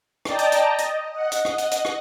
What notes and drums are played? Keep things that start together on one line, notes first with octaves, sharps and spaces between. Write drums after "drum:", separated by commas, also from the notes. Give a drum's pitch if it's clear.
D5 D#5 G5 A5 A#5, drum: rim click
drum: hi-hat
drum: hi-hat
D#5
drum: hi-hat
D#5 F#5
drum: hi-hat
drum: rim click
drum: hi-hat
drum: hi-hat
drum: rim click